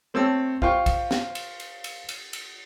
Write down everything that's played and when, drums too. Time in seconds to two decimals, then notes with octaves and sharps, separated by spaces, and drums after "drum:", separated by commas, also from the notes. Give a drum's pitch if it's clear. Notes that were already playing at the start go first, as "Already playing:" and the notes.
0.14 A3 C4 C#5 A5 E6
0.62 F4 C5 F5 G5 C#6, drum: kick
0.86 drum: kick, cymbal
1.11 drum: snare
1.35 drum: cymbal
1.60 drum: cymbal
1.84 drum: cymbal
2.09 drum: cymbal
2.33 drum: cymbal